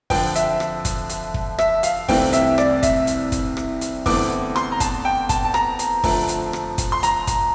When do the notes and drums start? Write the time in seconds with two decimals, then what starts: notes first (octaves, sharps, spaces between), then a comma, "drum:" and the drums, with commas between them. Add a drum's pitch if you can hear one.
0.10 F2 D3 F3 G5, drum: kick, open hi-hat
0.36 E5, drum: hi-hat
0.60 drum: rim click
0.85 drum: kick, hi-hat
1.10 drum: hi-hat
1.34 drum: kick
1.59 E5, drum: rim click
1.83 F5, drum: hi-hat
2.08 C2 C3 E3 A3 C4 G5, drum: kick, open hi-hat
2.33 E5, drum: hi-hat
2.58 D5, drum: rim click
2.83 E5, drum: kick, hi-hat
3.07 drum: hi-hat
3.32 drum: kick, hi-hat
3.57 drum: rim click
3.81 drum: hi-hat
4.06 E2 D3 A3 C4 D6, drum: kick, open hi-hat
4.56 C6, drum: rim click
4.72 A#5
4.80 A5, drum: kick, hi-hat
5.05 G5
5.29 A5, drum: kick, hi-hat
5.45 A5
5.54 A#5, drum: rim click
5.79 drum: hi-hat
6.03 F2 D3 F3 A3, drum: kick, open hi-hat
6.29 drum: hi-hat
6.53 drum: rim click
6.78 drum: kick, hi-hat
6.92 C6
7.03 A#5, drum: hi-hat
7.27 drum: kick, hi-hat